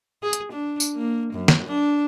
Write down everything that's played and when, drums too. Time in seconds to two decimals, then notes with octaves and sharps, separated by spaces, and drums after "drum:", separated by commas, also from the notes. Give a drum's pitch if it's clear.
0.23 G#4
0.33 drum: hi-hat
0.52 D4
0.80 drum: tambourine
0.96 A#3
1.33 F#2
1.48 drum: snare
1.66 D4